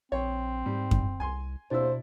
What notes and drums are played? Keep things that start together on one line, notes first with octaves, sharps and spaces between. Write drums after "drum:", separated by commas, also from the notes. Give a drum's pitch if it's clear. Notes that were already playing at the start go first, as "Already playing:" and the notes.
A#1 C4 C#5
G#2 G3
drum: kick F#2
C2 G#5 C6
D#2 B2 D4 E4 C5 E6